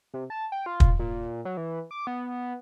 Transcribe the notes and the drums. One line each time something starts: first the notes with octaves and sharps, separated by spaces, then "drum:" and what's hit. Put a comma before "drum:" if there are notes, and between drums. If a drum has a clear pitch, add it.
C3
A5
G5
F4
drum: kick
A#2
F#3
E3
D6
B3